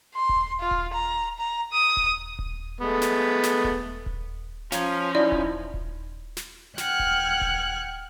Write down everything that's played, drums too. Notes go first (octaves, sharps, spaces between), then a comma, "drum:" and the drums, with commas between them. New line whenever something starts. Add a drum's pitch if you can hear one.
C6
drum: kick D#1
F4
drum: kick D#1
A#5
A#5
D#6
drum: kick D#1
drum: kick D#1
G#3 A3 B3
drum: snare
drum: snare
drum: kick D#1
drum: kick D#1
F3 C#4 F5 A#5 G#6, drum: snare
D#4 E4 D5
drum: kick D#1
drum: kick D#1
drum: snare
F#5 G5 F6 F#6 G#6, drum: snare
drum: kick D#1
drum: kick D#1